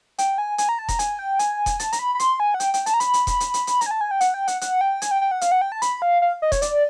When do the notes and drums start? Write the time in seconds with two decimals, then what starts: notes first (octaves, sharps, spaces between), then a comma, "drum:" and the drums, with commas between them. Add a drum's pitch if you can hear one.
0.18 G5, drum: hi-hat
0.38 G#5
0.58 G#5, drum: hi-hat
0.69 A#5
0.79 A5
0.89 A#5, drum: kick E1, hi-hat
0.99 G#5, drum: hi-hat
1.19 G5
1.39 G#5, drum: hi-hat
1.66 drum: kick E1, hi-hat
1.80 A5, drum: hi-hat
1.92 A#5, drum: hi-hat
1.99 B5
2.15 B5
2.20 C6, drum: hi-hat
2.40 G#5
2.54 F#5
2.60 G5, drum: hi-hat
2.74 G5, drum: hi-hat
2.86 A5, drum: hi-hat
2.94 A#5
3.00 B5, drum: hi-hat
3.14 drum: hi-hat
3.27 drum: kick E1, hi-hat
3.40 drum: hi-hat
3.54 drum: hi-hat
3.67 drum: hi-hat
3.81 A#5, drum: hi-hat
3.86 G#5
3.91 A5
4.01 G#5
4.11 G5
4.21 F#5, drum: hi-hat
4.34 G5
4.48 F#5, drum: hi-hat
4.61 F#5, drum: hi-hat
4.81 G5
5.02 G#5, drum: hi-hat
5.11 G5
5.21 G5
5.31 F#5
5.41 F5, drum: hi-hat
5.52 F#5
5.61 G5
5.72 A5
5.82 B5, drum: hi-hat
6.02 F5
6.22 F5
6.42 D#5
6.52 C#5, drum: kick E1, hi-hat
6.62 D5, drum: hi-hat